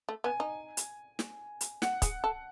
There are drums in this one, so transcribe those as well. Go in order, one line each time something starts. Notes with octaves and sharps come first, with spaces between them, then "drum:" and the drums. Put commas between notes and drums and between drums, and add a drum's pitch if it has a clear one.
A3
B3 G#5
D#4
drum: hi-hat
drum: snare
drum: hi-hat
F#5, drum: snare
G#4, drum: kick, hi-hat
A4